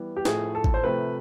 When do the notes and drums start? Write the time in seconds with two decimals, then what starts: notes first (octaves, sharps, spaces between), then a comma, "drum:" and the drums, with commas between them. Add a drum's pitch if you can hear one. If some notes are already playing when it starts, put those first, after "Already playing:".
Already playing: E3 G3 B3
0.16 G4
0.25 A2 F3 A3 G#4, drum: snare
0.55 A4
0.64 drum: kick G#1
0.74 C5
0.83 C3 F3 A3 C4 B4